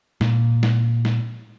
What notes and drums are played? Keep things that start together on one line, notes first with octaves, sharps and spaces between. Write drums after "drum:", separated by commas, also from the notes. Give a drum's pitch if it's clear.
A#2, drum: snare
drum: snare
drum: snare